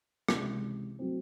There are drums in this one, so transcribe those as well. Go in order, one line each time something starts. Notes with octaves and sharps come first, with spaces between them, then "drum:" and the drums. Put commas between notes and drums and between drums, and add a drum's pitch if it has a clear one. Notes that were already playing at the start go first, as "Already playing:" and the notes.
C#2 C3 E3, drum: rim click
F#3 A3 C4